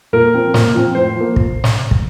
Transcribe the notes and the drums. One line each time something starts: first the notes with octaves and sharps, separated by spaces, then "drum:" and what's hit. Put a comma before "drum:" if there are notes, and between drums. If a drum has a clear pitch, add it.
A#2 A#4
F3 C4
A#2, drum: snare
F3 C4
A2 C5
F3
A#3
drum: kick
drum: snare
drum: kick